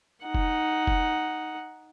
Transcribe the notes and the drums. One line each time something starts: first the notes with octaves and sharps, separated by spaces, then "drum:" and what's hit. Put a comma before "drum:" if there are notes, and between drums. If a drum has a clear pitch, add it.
D#4 F#5
drum: kick F1
drum: kick F1